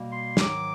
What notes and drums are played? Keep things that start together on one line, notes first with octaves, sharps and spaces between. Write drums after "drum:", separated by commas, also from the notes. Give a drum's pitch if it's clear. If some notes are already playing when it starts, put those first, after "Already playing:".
Already playing: B2 G3 A#3
C6
G#2 D#3 F#3 D6, drum: snare